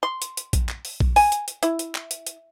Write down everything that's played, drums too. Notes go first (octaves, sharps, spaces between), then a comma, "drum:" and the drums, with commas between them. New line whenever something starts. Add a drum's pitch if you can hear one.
C6
drum: hi-hat
drum: hi-hat
drum: kick A#1, hi-hat
drum: clap
drum: open hi-hat
drum: kick A#1
G#5, drum: open hi-hat
drum: hi-hat
drum: hi-hat
E4, drum: hi-hat
drum: hi-hat
drum: clap
drum: hi-hat
drum: hi-hat